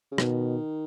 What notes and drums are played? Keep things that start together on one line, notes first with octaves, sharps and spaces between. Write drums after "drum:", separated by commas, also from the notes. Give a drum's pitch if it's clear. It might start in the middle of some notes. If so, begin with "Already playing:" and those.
C#3
B2 D#3, drum: rim click